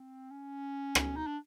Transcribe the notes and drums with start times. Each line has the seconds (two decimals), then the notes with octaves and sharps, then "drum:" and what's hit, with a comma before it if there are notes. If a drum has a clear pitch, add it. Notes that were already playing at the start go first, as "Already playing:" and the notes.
Already playing: C4
0.31 C#4
0.95 drum: rim click
1.16 D#4
1.27 D4